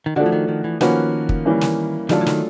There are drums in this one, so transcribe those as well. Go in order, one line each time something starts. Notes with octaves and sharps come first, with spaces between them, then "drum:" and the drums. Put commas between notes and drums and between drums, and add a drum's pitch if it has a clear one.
D#3
D3 F3 A3 D4 F#4
E3
D#3
D#3
E3
D#3 F3 A#3 C#4 F#4 B4, drum: snare
drum: kick
E3 G3 A#3 C#4
drum: snare
D#3 F#3 A3 D4 F4 A4, drum: snare
E3
D#3, drum: snare